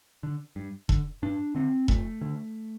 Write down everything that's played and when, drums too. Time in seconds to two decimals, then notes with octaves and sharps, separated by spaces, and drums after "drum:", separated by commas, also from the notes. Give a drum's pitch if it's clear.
0.23 D3
0.56 G2
0.89 D3, drum: kick E1
1.23 G2 D4
1.55 D3 C4
1.88 F2 A3, drum: kick E1
2.21 D3